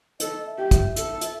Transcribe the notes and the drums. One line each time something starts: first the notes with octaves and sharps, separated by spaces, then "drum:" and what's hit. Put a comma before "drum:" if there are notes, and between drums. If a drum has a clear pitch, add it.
A4 D#5, drum: hi-hat
E5
G4
E5, drum: kick, hi-hat
A4, drum: hi-hat
drum: hi-hat